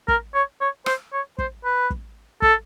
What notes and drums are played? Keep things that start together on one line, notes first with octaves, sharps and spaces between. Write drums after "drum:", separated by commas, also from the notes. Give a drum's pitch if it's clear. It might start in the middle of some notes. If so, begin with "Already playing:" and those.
A#4, drum: kick
C#5
C#5
C5, drum: rim click
C#5
C5, drum: kick
B4
drum: kick
A4, drum: kick